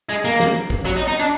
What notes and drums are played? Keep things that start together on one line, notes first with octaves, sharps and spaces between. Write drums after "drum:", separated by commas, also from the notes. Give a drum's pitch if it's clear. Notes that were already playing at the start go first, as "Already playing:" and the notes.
G#3
A#3
drum: snare
drum: kick
F#3
D#4
D#4
D4